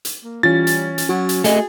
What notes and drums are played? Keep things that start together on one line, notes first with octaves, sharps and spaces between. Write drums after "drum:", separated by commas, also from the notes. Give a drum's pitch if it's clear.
drum: hi-hat
A#3
E3 G3 C#4 F4 A6
drum: hi-hat
drum: hi-hat
F#3 F#4
drum: hi-hat
A3 G#4 D#5, drum: hi-hat